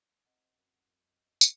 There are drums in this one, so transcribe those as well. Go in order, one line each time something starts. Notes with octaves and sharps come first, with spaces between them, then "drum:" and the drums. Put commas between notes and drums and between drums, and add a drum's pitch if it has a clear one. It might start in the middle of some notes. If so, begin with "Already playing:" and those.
C4 D#5 F#5
F#2
F#2
drum: tambourine